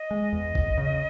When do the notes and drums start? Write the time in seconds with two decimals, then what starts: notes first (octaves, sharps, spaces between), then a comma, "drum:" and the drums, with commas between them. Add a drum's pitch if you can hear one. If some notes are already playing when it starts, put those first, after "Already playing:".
Already playing: D#5
0.11 G#3
0.33 E2
0.55 E2, drum: kick A1
0.77 C#3